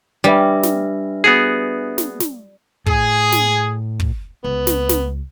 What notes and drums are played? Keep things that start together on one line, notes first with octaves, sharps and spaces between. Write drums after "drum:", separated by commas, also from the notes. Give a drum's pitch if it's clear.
G3 D4 B4 E5
drum: snare
B3 F#4 G#4
drum: snare
drum: snare
A2 G#4, drum: kick
drum: snare
drum: kick
C#2 B3
drum: snare
drum: snare